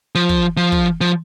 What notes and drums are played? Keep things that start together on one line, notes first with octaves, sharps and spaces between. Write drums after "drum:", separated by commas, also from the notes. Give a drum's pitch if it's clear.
F3
drum: kick
F3
drum: kick
F3